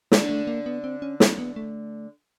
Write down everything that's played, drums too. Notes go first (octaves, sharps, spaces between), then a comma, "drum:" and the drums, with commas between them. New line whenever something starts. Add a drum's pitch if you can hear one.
D3 G#3 D4, drum: snare
A3
A#3
B3
C4
C#4
C4, drum: snare
B3
A3